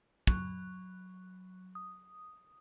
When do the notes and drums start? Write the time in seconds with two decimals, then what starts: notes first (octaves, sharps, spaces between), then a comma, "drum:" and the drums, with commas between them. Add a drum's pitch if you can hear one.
0.27 F#3, drum: kick
1.75 D#6